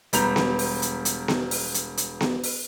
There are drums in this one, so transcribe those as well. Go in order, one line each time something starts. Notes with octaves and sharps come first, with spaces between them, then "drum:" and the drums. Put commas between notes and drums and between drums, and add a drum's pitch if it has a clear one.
E1 G3 B3 A#5 G6 F7, drum: hi-hat
drum: snare B3
drum: open hi-hat
drum: hi-hat
drum: hi-hat
drum: snare B3
drum: open hi-hat
drum: hi-hat
drum: hi-hat
drum: snare B3
drum: open hi-hat